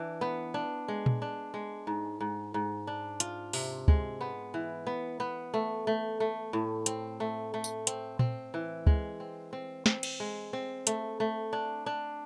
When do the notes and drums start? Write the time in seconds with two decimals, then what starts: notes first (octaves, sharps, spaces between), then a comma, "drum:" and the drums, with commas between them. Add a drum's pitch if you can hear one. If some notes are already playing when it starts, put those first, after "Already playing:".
Already playing: E3 D4
0.21 B3
0.54 D4
0.88 G#3
1.06 drum: tom A#2
1.22 D4
1.54 G#3
1.87 G#2
2.20 G#2
2.54 G#2
2.87 D4
3.20 F4, drum: hi-hat
3.53 C3, drum: open hi-hat
3.88 G#3, drum: kick
4.21 B3
4.54 E3
4.87 B3
5.20 B3
5.54 A3
5.87 A3
6.20 A3
6.53 A2
6.86 C4, drum: hi-hat
7.20 A3
7.54 A3
7.64 drum: tambourine
7.87 C4, drum: hi-hat
8.19 C4, drum: tom A#2
8.54 E3
8.87 G#3, drum: kick
9.20 C4
9.53 C4
9.86 C4, drum: snare
10.03 drum: cymbal
10.20 G#3
10.53 C4
10.87 A3, drum: hi-hat
11.20 A3
11.53 D4
11.86 D4